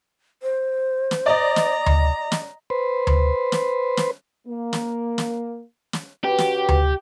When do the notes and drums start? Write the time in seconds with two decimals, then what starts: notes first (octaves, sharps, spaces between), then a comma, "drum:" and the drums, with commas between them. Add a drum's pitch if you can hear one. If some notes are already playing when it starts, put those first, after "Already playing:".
0.43 C5
1.11 drum: snare
1.26 D5 D#5 A#5
1.56 drum: snare
1.86 drum: tom D2
2.32 drum: snare
2.70 B4 C5
3.07 drum: tom D2
3.52 drum: snare
3.97 drum: snare
4.48 A#3
4.73 drum: snare
5.18 drum: snare
5.93 drum: snare
6.25 C#3 F#4 G4 B4
6.38 drum: snare
6.69 drum: tom D2